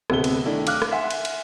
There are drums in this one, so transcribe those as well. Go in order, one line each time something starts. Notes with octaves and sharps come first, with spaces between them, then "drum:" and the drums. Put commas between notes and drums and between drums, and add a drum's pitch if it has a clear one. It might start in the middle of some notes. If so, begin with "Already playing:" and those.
D1 C3 B3 A4 G7, drum: rim click
drum: cymbal
D#3 A3 D4 E4
F5 D6 F6 F#6, drum: cymbal
drum: rim click
E5 F#5 G#5 C6
drum: cymbal
drum: cymbal